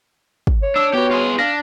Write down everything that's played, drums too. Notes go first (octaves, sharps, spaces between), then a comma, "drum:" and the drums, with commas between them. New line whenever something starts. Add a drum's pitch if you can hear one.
drum: kick
C#5
D4 E6
B3 F#4 G4 B4
F4 G#4
D4 F5 A#6